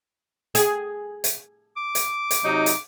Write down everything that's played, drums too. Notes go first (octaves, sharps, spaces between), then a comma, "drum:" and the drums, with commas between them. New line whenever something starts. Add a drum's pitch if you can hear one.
G#4, drum: hi-hat
drum: hi-hat
D6
drum: hi-hat
drum: hi-hat
C3 F#3 D#4
drum: hi-hat